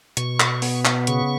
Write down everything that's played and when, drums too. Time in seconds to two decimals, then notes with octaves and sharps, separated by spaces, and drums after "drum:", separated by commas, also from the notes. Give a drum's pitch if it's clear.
0.17 B2 C#6, drum: hi-hat
0.40 drum: clap
0.62 B3, drum: open hi-hat
0.85 drum: clap
1.07 C#3 C#6, drum: hi-hat